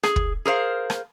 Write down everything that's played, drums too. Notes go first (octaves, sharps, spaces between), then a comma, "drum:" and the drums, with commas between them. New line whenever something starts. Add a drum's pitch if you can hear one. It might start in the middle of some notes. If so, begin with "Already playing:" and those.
G#4, drum: rim click
drum: kick
G#4 A#4 C5 F5
drum: rim click